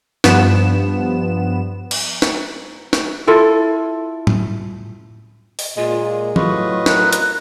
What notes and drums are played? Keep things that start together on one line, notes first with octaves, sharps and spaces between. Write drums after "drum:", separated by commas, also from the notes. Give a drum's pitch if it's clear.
G2 F3 B3 E7, drum: snare
drum: cymbal
drum: snare
drum: snare
E4 F4 A4
drum: tom A2
drum: open hi-hat
A#2 G#3 F4
A2 F#3 F4 B4 D#5 C#6, drum: tom E3
A#4 F#6, drum: snare
drum: hi-hat